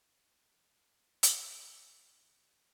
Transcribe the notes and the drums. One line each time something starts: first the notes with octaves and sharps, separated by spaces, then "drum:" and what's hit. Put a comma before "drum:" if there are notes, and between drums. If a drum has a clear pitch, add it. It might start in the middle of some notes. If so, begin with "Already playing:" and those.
G#1 F2 G#2 F#3
drum: hi-hat